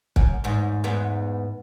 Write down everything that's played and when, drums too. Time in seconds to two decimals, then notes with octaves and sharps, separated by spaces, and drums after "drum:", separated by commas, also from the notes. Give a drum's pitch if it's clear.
0.16 F#2, drum: kick
0.44 E2 G#2
0.84 E2 G#2 B3